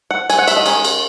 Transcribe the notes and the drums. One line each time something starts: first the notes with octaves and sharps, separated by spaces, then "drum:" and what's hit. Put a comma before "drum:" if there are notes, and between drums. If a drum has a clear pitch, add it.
F#5
G#5, drum: cymbal
F#5
E5, drum: cymbal
D#5
D#3 G#3 C#4, drum: cymbal
drum: cymbal